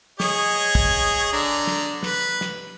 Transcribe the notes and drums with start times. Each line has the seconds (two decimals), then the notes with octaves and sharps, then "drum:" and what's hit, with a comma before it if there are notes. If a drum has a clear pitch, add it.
0.20 G#4 C#5 D#5, drum: snare
0.75 drum: kick
1.33 D3 D4 A#5
1.67 drum: snare
2.03 B4, drum: snare
2.41 drum: snare